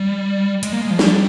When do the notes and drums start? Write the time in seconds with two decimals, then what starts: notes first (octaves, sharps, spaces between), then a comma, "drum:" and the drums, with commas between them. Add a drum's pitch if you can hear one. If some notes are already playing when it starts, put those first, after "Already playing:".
Already playing: G3
0.63 G#3, drum: hi-hat
0.72 A#3
0.81 G#3
0.90 F3
0.99 G3, drum: snare